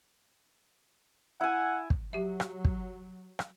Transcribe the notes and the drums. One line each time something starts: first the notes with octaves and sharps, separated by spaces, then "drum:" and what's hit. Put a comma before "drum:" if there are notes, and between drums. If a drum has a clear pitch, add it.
E4 F#5 G#5
drum: kick
F#3 G4 E5
drum: rim click
drum: kick
drum: rim click